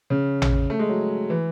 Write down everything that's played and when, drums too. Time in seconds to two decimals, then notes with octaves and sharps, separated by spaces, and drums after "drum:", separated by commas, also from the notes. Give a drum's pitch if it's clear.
0.10 C#3
0.42 drum: tom A1
0.70 A3
0.79 G#3
0.89 F#3
1.30 E3